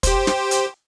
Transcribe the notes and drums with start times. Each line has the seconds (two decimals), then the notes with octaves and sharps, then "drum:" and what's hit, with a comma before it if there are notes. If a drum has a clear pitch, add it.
0.03 G4 C5, drum: kick, hi-hat
0.27 drum: snare
0.51 drum: hi-hat